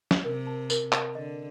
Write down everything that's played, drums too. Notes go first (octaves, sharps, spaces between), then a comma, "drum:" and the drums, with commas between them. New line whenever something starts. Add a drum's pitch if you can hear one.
drum: snare
C3 A#4
A5
A#4, drum: tambourine
A5, drum: clap
D3 D#5